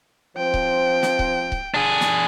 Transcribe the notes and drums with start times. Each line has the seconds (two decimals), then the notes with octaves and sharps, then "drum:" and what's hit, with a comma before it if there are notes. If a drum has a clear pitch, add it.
0.37 F3 C4 C5 G5
0.54 drum: kick C#1
1.03 drum: snare
1.19 drum: kick C#1
1.52 drum: kick C#1
1.74 D4 G#4
2.01 drum: snare